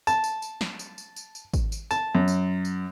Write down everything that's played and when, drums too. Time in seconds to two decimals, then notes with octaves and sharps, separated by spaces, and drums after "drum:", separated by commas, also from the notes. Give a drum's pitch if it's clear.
0.07 A5, drum: tambourine
0.24 drum: tambourine
0.42 drum: tambourine
0.61 drum: snare
0.79 drum: tambourine
0.98 drum: tambourine
1.16 drum: tambourine
1.35 drum: tambourine
1.54 drum: kick G#1, tambourine
1.72 drum: tambourine
1.91 A5, drum: tambourine
2.15 F#2
2.28 drum: tambourine
2.65 drum: tambourine